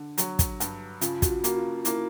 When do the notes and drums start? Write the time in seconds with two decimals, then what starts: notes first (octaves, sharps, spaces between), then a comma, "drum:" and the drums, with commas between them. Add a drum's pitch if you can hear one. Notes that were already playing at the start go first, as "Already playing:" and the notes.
Already playing: D3
0.18 F#3, drum: hi-hat
0.39 drum: kick, hi-hat
0.60 G2, drum: hi-hat
1.01 C#3 F4, drum: hi-hat
1.22 F#4, drum: kick, hi-hat
1.29 F4
1.44 A#3 F#4, drum: hi-hat
1.57 F4
1.85 A#3 E4, drum: hi-hat